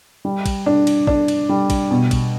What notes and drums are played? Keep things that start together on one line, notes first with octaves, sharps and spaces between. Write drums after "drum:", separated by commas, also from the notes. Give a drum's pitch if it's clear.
G3
drum: kick, cymbal
D4
drum: cymbal
D4, drum: kick
drum: cymbal
G3
drum: kick, cymbal
B2
drum: kick, cymbal